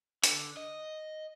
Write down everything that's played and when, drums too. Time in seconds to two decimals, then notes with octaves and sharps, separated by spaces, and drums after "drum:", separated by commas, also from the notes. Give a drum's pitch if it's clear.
0.24 D3, drum: hi-hat
0.57 D#5